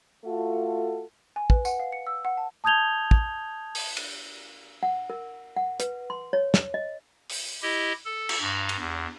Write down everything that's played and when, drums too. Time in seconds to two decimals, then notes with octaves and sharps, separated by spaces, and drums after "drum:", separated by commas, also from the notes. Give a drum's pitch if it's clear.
0.24 A3 F4 F#4 A4
1.36 G#5
1.50 B4, drum: kick
1.65 F#5, drum: tambourine
1.80 F5
1.92 C#7
2.07 E6
2.25 F#5
2.37 A5
2.64 A5 D#6 G6 G#6 F7 G7
3.11 drum: kick
3.75 drum: open hi-hat
3.97 drum: cymbal
4.83 F#5
5.10 A#4
5.56 F#5
5.80 B4, drum: hi-hat
6.10 C6
6.33 C#5
6.54 drum: snare
6.74 D#5
7.30 drum: open hi-hat
7.62 E4 G4 D#5
8.05 A4
8.29 drum: cymbal
8.40 G2 A#5
8.69 drum: cymbal
8.79 E2